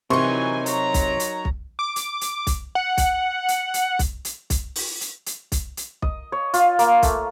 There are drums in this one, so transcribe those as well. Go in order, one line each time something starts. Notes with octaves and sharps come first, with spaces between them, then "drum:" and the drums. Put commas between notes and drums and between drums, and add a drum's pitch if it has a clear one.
C3 E3 F#3 D#4 A#4 G#5 C6 C#6
F#3 C#5 A#5, drum: hi-hat
drum: kick B1, hi-hat
drum: hi-hat
drum: kick B1
D6
drum: hi-hat
drum: hi-hat
drum: kick B1, hi-hat
F#5
drum: kick B1, hi-hat
drum: hi-hat
drum: hi-hat
drum: kick B1, hi-hat
drum: hi-hat
drum: kick B1, hi-hat
drum: open hi-hat
drum: hi-hat
drum: hi-hat
drum: kick B1, hi-hat
drum: hi-hat
D#5, drum: kick B1
C#5
F4, drum: hi-hat
A#3, drum: hi-hat
A3, drum: kick B1, hi-hat